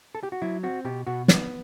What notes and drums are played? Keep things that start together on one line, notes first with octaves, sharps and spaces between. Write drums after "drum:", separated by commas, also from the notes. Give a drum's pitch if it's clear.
A4
G4
F#4
F#3 E4
C4 F#4
B2 G4
B2 F#4
B3, drum: snare